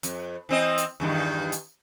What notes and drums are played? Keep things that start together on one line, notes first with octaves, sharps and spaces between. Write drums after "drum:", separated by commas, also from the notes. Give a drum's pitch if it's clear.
F2, drum: hi-hat
E3 C4 D#5
drum: hi-hat
E2 G2 D#3
drum: hi-hat